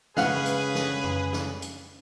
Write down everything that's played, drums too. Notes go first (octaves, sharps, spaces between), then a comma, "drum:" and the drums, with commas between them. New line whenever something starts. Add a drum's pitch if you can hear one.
C#3 G#3 C#4 G#4 B4 F5 F#5, drum: snare
drum: hi-hat
drum: snare
drum: tom F2
drum: snare
drum: hi-hat